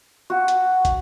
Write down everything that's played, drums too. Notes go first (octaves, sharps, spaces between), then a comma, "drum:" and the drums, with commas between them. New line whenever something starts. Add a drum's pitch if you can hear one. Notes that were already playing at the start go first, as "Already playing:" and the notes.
F#4
drum: hi-hat
drum: kick, hi-hat